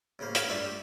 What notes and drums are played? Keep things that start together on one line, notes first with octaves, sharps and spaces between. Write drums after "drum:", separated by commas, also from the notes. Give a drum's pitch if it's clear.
A1 C#3 A#3 C5
C#4 F#4 A#4 G5, drum: hi-hat
G2 A3 D4 F4 E5 C6
G4